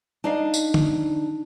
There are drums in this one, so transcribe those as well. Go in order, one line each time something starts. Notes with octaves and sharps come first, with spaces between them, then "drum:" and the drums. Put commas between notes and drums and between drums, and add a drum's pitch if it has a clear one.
D4 D#4 D5 D#5 F5
drum: tambourine
drum: tom